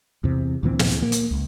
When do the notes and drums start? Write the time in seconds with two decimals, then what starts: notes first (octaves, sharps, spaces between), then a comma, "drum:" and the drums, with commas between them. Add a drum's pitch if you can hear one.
0.24 E2 C3
0.63 D2 A#2 E3 C4
0.79 drum: snare
1.02 A#3
1.12 drum: hi-hat
1.31 C#2